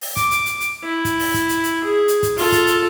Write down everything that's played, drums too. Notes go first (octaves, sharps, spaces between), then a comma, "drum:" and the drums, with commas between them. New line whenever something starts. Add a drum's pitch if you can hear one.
drum: open hi-hat
D6, drum: kick, hi-hat
drum: hi-hat
drum: hi-hat
drum: hi-hat
E4
drum: kick, hi-hat
drum: open hi-hat
drum: kick, hi-hat
drum: hi-hat
drum: hi-hat
G#4
drum: hi-hat
drum: kick, hi-hat
F4 A4, drum: open hi-hat
drum: kick, hi-hat
drum: hi-hat